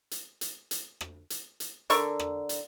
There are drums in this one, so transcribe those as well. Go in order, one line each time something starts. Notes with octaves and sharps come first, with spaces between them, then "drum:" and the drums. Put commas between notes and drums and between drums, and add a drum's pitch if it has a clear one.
drum: hi-hat
drum: hi-hat
drum: hi-hat
drum: rim click
drum: hi-hat
drum: hi-hat
D3 A4 A#4 C#6, drum: hi-hat
drum: rim click
drum: hi-hat